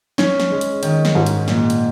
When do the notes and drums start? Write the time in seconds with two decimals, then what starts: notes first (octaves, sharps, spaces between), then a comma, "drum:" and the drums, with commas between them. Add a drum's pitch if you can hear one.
0.18 C#4, drum: snare
0.40 drum: snare
0.50 G#3
0.61 drum: hi-hat
0.83 D#3, drum: hi-hat
1.05 drum: snare
1.15 G#2
1.26 drum: hi-hat
1.48 A#2, drum: snare
1.70 drum: hi-hat